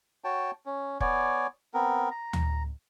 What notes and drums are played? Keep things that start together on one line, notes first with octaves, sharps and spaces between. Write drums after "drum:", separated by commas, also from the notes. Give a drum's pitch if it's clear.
F#4 C#5 G5 A5
C#4
B3 C#5 D5 G#5, drum: kick
B3 C4 A#4
A#5
drum: tom D2